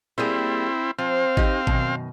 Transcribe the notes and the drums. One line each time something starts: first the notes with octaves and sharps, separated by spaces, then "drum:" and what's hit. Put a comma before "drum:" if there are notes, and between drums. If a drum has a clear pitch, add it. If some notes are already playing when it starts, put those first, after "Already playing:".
G3 A#3 C4 E4 G#4
F3 C4 F5
D#4 G4, drum: kick G#1
F#2 B2 D#3, drum: kick G#1